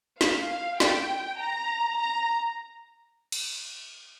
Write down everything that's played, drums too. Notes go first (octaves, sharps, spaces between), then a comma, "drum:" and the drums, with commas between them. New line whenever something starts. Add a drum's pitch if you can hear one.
F5, drum: snare
G5, drum: snare
A#5
A#5
drum: cymbal